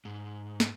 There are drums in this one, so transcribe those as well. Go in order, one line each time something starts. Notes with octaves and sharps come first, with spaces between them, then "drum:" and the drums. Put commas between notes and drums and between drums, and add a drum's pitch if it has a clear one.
G#2
drum: snare